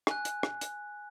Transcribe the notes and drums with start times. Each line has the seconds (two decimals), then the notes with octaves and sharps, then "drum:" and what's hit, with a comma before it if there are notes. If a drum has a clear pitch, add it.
0.07 G#5 F#6, drum: rim click
0.25 drum: hi-hat
0.43 drum: rim click
0.61 drum: hi-hat